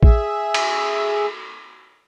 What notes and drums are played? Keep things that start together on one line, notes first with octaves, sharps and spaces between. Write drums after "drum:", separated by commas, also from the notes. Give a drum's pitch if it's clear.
G#4 E5, drum: kick A1
drum: cymbal